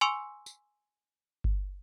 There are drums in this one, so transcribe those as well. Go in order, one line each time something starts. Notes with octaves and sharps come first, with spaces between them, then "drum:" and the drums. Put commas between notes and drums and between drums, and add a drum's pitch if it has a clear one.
G#5 C6 C#6 E6 C#7 F7
drum: tambourine
drum: kick G1